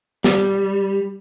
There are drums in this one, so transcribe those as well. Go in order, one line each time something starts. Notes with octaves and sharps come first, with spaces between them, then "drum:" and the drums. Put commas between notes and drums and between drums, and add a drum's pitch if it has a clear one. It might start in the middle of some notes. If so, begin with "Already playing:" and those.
G3, drum: snare